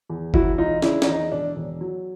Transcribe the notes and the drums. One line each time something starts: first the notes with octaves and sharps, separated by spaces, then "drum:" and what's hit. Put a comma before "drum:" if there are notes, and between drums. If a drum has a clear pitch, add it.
E2
E1 E4 F#4, drum: kick F#1
E1 D#4 F4
C#3 D4 E4, drum: snare
D4, drum: snare
E2 D#4
E1 D4
E1
F#3